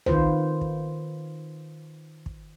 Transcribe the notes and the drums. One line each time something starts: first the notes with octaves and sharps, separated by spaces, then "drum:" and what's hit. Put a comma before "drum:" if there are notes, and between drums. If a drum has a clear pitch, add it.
D#3 F4 B4 C5, drum: tom
drum: kick
drum: kick